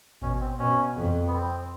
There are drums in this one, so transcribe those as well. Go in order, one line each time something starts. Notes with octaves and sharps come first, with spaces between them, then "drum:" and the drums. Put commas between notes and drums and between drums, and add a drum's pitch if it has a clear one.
B2 C#4, drum: kick G#1
C4
B2 C#4
F2
B3
C4